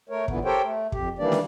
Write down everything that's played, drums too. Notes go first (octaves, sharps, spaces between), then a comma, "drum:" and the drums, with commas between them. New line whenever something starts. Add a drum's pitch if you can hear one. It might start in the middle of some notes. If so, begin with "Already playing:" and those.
A3 A#4 C#5
A#2 D3 E3 B3, drum: kick
G4 A4 A#4 C5 C#5 G5
A3
F2 G4, drum: kick
D#3 E3 G3 A#3 D4 D5
drum: snare